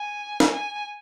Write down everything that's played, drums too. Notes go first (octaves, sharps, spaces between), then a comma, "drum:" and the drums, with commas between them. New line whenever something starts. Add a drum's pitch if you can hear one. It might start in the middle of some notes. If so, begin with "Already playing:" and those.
Already playing: G#5
drum: snare
G#5